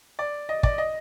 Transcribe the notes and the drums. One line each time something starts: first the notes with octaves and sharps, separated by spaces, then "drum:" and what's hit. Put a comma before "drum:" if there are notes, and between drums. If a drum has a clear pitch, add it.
D5
D#5
D5, drum: kick
D#5